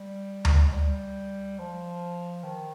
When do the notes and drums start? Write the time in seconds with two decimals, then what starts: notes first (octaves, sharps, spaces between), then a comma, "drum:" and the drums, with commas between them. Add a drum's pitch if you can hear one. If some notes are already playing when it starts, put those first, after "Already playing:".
Already playing: G3
0.45 drum: tom D2
0.67 G#3
0.73 G3
1.58 F3
2.44 D#3